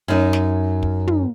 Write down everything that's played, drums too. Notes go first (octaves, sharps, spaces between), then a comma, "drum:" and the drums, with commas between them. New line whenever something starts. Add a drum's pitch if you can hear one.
F#2 D#4
drum: snare
drum: kick
drum: tom